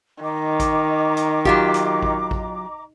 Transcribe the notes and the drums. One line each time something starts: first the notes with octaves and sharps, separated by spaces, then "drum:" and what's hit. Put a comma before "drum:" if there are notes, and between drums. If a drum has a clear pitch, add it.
D#3 D#5 A#5 D6
drum: kick A1, hi-hat
drum: hi-hat
F#3 F4 G4, drum: kick A1
drum: hi-hat
drum: kick A1
drum: kick A1